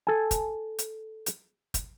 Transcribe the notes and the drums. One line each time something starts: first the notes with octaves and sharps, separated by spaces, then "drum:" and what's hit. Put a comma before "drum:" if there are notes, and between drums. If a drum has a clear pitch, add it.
A4 G#5
drum: kick, hi-hat
drum: hi-hat
drum: hi-hat
drum: kick, hi-hat